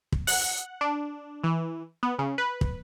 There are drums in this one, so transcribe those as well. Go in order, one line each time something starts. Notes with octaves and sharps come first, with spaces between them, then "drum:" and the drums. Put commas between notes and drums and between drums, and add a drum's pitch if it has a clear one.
drum: kick
F#5, drum: open hi-hat
D4
E3
B3
C#3
B4
drum: kick